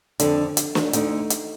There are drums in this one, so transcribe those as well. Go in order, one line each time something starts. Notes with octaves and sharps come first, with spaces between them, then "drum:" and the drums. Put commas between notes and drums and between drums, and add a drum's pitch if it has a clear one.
F2 D3 D4, drum: hi-hat
drum: hi-hat
drum: snare
D2 D3 D#4, drum: hi-hat
drum: hi-hat